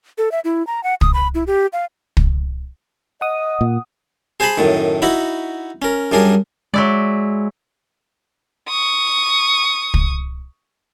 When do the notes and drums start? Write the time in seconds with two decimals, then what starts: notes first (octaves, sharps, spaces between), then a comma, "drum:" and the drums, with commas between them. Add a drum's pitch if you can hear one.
0.18 A4
0.32 E5
0.45 E4
0.67 A#5
0.84 F#5
1.01 D#6, drum: kick
1.14 B5
1.35 E4
1.47 G4
1.73 F5
2.17 drum: kick
3.21 D#5 F#5 D#6
3.61 A#2
4.40 G#4 C5 G#5 A5 B5 C6
4.57 F#2 A2 D#3
5.02 D#4 E4 F#4 B5
5.82 C#4 A#4
6.12 F#2 G3 D4 G#4 A#4
6.74 F#3 G#3 E4 D5
8.69 C#6 D#6
9.94 drum: kick